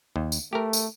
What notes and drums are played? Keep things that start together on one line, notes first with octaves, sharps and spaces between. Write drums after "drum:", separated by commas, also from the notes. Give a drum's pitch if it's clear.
D#2
drum: tambourine
A3 G4 A#4
drum: tambourine